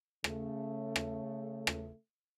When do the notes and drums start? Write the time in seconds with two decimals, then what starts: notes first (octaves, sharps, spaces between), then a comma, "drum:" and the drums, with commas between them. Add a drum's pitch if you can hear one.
0.24 C#3 A3, drum: rim click
0.96 drum: rim click
1.67 drum: rim click